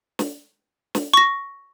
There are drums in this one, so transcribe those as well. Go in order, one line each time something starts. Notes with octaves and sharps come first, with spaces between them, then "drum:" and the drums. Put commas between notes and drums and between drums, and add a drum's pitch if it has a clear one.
drum: snare
drum: snare
C#6 A#6